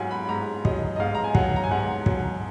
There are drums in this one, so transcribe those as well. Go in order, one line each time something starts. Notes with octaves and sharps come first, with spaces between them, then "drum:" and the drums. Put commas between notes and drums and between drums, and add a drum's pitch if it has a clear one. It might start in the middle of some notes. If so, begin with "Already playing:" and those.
Already playing: G#2 F#3 F5 F#5 G#5
B5
G#2 A#5
F#3 D#5, drum: kick
D#5
G#2 F5
A#5
G#5
F#3 F#5, drum: kick
A#5
G#5
G#2 F#5
F#3, drum: kick